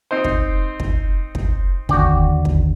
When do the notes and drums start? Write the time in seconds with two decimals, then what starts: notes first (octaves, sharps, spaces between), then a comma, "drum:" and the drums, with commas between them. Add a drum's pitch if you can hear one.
0.11 C4 D#4 C5
0.24 drum: kick
0.80 drum: kick
1.35 drum: kick
1.89 D#2 D3 F#4 D5 G5, drum: kick
2.45 drum: kick